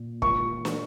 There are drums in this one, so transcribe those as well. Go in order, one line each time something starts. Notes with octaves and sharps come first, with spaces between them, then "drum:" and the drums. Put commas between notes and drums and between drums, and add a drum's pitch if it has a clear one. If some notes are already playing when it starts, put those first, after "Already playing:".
Already playing: A#2
C#6, drum: kick
drum: snare